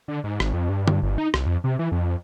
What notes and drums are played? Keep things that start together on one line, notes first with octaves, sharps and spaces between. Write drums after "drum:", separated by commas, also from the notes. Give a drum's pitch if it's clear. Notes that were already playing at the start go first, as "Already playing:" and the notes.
D3
G#2
G#1, drum: rim click
F2
G2
drum: tom D3
G1
D#4
C2, drum: rim click
F2
C3
E3
F2